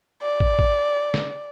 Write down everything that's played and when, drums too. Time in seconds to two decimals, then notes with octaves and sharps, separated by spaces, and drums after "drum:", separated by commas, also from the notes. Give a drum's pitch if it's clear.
0.22 D5
0.40 drum: kick
0.59 drum: kick
1.14 drum: snare